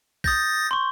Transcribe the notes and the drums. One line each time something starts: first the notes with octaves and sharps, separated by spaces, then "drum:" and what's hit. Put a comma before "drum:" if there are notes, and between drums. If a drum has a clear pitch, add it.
D#6 G6 A6 A#6, drum: kick A#1
C6 C#6